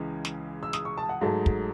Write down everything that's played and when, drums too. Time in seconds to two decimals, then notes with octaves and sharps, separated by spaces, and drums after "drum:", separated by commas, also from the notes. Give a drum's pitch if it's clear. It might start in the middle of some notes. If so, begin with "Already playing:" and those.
Already playing: C#2 C#3 E3 G#3
0.25 drum: snare
0.63 E6
0.73 D#6, drum: snare
0.85 C#6
0.98 A5
1.09 F#5
1.21 G#2 F#3 A3 A5
1.46 drum: kick